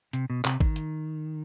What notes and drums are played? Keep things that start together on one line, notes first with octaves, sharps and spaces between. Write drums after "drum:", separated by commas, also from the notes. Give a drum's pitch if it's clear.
C3, drum: hi-hat
B2
C3, drum: clap
D#3, drum: kick
drum: hi-hat